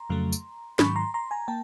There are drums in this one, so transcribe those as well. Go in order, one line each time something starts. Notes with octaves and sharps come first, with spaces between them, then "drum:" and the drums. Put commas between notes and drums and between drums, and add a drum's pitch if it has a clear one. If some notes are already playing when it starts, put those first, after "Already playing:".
Already playing: A#5 C6
F2 C#3 F#3 A3
drum: tambourine
G#2 D#3 F#3 B5 C#6, drum: snare
A#5 C6
A#5 C6
G#5 A#5
A#3 G5 A5